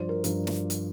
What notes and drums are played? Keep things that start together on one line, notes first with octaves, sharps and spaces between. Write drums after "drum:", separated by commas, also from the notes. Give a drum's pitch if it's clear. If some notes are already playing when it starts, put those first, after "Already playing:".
Already playing: G2 F3 C5 D5
A#4
G2 F3 A#4, drum: hi-hat
drum: snare
drum: hi-hat